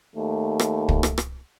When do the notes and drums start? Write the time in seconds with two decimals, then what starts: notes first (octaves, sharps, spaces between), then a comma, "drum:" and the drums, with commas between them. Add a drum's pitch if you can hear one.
0.16 D#2 A3
0.59 drum: rim click
0.89 drum: kick
1.03 drum: rim click
1.18 drum: rim click